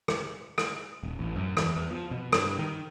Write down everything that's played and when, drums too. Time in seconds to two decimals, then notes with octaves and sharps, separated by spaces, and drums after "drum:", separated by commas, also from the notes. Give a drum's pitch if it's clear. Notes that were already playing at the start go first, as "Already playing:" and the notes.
0.08 drum: rim click
0.58 drum: rim click
1.03 D#1
1.19 A1
1.36 F#2
1.57 E2, drum: rim click
1.76 E2
1.91 F3
2.11 B2
2.33 G2, drum: rim click
2.59 D#3